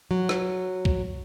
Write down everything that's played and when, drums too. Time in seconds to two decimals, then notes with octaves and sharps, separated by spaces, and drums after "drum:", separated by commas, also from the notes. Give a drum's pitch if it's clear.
0.11 F#3
0.29 drum: rim click
0.85 drum: kick